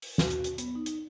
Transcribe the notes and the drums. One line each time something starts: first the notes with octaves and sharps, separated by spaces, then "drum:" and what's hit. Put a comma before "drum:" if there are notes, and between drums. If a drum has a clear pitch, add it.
drum: open hi-hat
F#4, drum: snare
drum: hi-hat
drum: hi-hat
B3, drum: hi-hat
D#4
drum: hi-hat